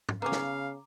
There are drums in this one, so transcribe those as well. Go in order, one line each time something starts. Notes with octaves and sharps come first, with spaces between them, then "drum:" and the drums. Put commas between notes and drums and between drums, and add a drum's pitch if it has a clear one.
drum: tom
C#3 B3 C#4 F5 A#5 D6
drum: snare